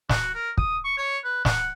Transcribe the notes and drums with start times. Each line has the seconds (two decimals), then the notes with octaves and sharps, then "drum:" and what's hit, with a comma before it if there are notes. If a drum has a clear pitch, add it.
0.09 F#4, drum: snare
0.34 A#4
0.58 D#6, drum: kick
0.85 C#6
0.97 C#5
1.24 B4
1.45 F#5, drum: snare